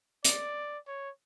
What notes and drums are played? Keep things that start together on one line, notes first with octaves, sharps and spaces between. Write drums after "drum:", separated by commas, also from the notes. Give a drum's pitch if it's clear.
D5, drum: hi-hat
C#5